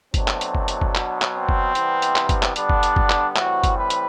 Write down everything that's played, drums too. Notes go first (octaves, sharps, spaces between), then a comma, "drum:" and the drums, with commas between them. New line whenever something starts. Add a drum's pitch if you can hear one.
B2 F#3 A3 C4 D4, drum: kick F#1, hi-hat
drum: clap
drum: hi-hat
drum: kick F#1
drum: hi-hat
drum: kick F#1
B2 F#3 B3, drum: clap
drum: clap
C4
drum: kick F#1
C3 E3 G3 B3, drum: hi-hat
drum: hi-hat
drum: clap
drum: kick F#1, hi-hat
drum: clap
D3 G3 B3 D4, drum: hi-hat
drum: kick F#1
drum: hi-hat
drum: kick F#1
drum: clap
A2 E3 G3 C4 F#4, drum: clap
drum: kick F#1, hi-hat
B4
drum: hi-hat